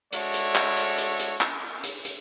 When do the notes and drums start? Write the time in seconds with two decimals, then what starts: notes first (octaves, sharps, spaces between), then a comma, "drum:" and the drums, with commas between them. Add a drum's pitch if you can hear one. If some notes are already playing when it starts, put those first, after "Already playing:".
0.13 G#3 F#4 A4 C#5 D5 E5, drum: hi-hat
0.34 drum: hi-hat
0.55 drum: clap
0.77 drum: hi-hat
0.98 drum: hi-hat
1.19 drum: hi-hat
1.41 drum: clap
1.83 drum: hi-hat
2.05 drum: hi-hat